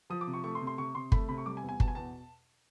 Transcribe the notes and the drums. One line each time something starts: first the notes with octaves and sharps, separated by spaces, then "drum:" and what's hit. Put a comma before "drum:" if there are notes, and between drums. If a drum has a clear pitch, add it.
F3 D#6
D6
C3
C#6
A3 C#6
C6
C3
C6
C3 C#6
C3 C6
A3 B5, drum: kick G1
C3 B5
C#6
G3 D6
G#5
E2
G#5
B2 A5, drum: kick G1
G#5
E2 A5